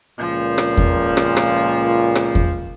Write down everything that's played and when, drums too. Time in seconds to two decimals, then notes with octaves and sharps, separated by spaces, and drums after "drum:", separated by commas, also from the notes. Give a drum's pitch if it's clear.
0.18 C#2 A#2 F3
0.58 drum: rim click
0.77 drum: kick E2
1.17 drum: rim click
1.37 drum: rim click
2.15 drum: rim click
2.35 drum: kick E2